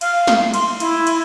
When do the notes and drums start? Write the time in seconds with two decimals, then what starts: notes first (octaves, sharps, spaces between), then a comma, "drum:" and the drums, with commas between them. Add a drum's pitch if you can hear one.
0.01 F5, drum: cymbal
0.27 drum: snare
0.54 C6, drum: cymbal
0.80 E4, drum: cymbal
1.07 drum: cymbal